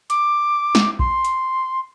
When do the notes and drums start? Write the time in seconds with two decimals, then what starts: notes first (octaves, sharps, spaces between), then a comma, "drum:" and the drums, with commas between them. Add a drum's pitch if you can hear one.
0.10 D6, drum: hi-hat
0.75 drum: snare
0.99 C6, drum: kick A#1
1.25 drum: hi-hat